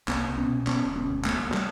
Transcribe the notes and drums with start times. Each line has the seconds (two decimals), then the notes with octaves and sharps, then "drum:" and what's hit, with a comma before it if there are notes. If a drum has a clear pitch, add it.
0.08 C2 A#3 C4, drum: clap
0.28 C2
0.38 B3 C#4
0.47 B2
0.67 D3 B3 C#4, drum: clap
0.86 E1
0.95 B3 C#4
1.06 D2
1.25 D2 A3 B3, drum: clap
1.39 D2 G#3 A#3
1.54 G3 A3, drum: clap